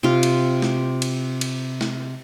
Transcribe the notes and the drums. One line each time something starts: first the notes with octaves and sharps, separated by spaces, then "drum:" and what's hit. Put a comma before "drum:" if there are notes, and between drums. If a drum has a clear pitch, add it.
C3 F4
drum: cymbal
drum: snare
drum: cymbal
drum: cymbal
drum: snare